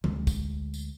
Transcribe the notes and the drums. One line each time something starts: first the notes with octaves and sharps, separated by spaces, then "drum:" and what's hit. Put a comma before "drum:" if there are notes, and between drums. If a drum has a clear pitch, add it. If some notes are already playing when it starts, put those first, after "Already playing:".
D2 G#3, drum: tom
drum: kick, tambourine
drum: tambourine